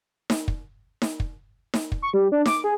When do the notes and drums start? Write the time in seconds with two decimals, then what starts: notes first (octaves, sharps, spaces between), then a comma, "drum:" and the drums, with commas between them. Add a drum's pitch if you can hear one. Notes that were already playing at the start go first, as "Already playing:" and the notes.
0.30 drum: snare D#4
0.48 drum: kick
1.02 drum: snare D#4
1.20 drum: kick
1.74 drum: snare D#4
1.92 drum: kick
2.02 C#6
2.14 G3
2.32 D4
2.46 D6, drum: snare D#4
2.64 G#4